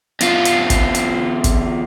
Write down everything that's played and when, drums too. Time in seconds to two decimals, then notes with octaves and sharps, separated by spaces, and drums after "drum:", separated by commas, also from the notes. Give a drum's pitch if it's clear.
0.21 E2 F4, drum: hi-hat
0.45 drum: hi-hat
0.70 drum: kick, hi-hat
0.95 drum: hi-hat
1.44 drum: kick, hi-hat